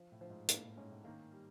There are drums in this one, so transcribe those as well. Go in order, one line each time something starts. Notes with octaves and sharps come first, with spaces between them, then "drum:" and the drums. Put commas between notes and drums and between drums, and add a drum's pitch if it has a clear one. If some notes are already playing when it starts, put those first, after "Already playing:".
Already playing: F3
A2
F3
G#2
A2 A#3, drum: hi-hat
A2
G#2 C#4
A2
D#3 A#3
G3